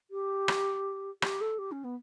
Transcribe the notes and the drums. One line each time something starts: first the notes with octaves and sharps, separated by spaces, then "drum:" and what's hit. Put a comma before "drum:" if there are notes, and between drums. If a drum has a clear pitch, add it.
G4
drum: rim click
G4, drum: rim click
A4
G4
C#4
B3